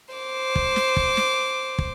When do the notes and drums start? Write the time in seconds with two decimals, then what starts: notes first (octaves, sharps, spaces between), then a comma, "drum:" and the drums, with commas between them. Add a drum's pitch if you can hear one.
0.15 C5 D6
0.56 drum: kick
0.76 drum: snare
0.97 drum: kick
1.17 drum: snare
1.79 drum: kick